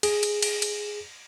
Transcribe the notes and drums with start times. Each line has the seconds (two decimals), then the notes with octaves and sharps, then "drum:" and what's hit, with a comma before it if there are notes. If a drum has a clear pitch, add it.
0.03 G#4, drum: cymbal
0.23 drum: cymbal
0.42 drum: cymbal
0.62 drum: cymbal